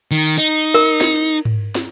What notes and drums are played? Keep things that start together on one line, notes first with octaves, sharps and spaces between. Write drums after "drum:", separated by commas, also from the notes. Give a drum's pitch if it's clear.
D#3
drum: cymbal
D#4
A#4
drum: cymbal
drum: snare
drum: cymbal
drum: tom G#2
drum: snare